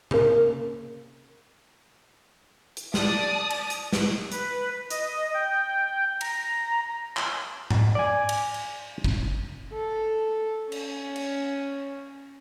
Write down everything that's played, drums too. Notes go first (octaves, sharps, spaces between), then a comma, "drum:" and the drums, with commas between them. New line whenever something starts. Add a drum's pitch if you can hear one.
C#3 A#3, drum: tom C3
drum: hi-hat
D5 A5 D#6, drum: snare
drum: cymbal
drum: hi-hat
drum: snare
B4, drum: hi-hat
D#5, drum: hi-hat
G5
A#5, drum: cymbal
drum: clap
drum: tom G#2
D5 G#5
drum: cymbal
drum: cymbal
drum: kick
A4
C#4, drum: cymbal
drum: cymbal